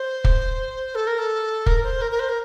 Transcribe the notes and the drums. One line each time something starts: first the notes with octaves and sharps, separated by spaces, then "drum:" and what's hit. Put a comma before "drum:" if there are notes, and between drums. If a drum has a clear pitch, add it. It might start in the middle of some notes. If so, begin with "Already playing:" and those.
Already playing: C5
drum: kick
A4
A#4
A4
A#4, drum: kick
C5
A#4
A#4
C5
A#4